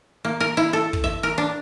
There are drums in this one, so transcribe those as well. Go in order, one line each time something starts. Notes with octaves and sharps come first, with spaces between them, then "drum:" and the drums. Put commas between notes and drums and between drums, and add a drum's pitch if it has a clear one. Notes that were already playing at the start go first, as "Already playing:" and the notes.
A#3
A#4
E4
A4
drum: kick
E5
A#4
D4